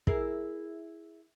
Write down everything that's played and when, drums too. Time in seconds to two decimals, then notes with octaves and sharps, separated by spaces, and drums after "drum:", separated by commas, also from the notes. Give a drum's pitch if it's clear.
0.07 E4 G#4 A#4, drum: kick